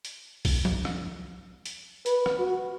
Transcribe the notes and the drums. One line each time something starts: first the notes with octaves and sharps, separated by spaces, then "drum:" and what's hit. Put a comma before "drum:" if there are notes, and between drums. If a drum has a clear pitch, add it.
drum: hi-hat
drum: kick B1, open hi-hat
drum: tom F3
drum: rim click
drum: hi-hat
B4, drum: hi-hat
drum: rim click
F#4